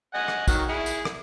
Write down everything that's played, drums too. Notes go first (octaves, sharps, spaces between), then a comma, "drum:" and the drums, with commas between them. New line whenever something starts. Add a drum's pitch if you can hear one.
D#5 F#5 G#5
drum: rim click
D#3 F#3, drum: kick, tambourine
E4 G#4
drum: tambourine
drum: rim click